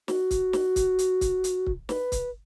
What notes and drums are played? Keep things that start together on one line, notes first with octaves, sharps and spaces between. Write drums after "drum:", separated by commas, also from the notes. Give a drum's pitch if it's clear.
F#4, drum: snare
drum: kick C#1, hi-hat
drum: snare
drum: kick C#1, hi-hat
drum: hi-hat
drum: kick C#1, hi-hat
drum: hi-hat
drum: kick C#1
B4, drum: snare
drum: kick C#1, hi-hat